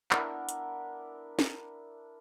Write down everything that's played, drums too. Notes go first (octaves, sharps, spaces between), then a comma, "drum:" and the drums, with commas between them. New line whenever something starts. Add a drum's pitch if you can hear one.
B3 D4 E4 A#4, drum: clap
drum: hi-hat
drum: snare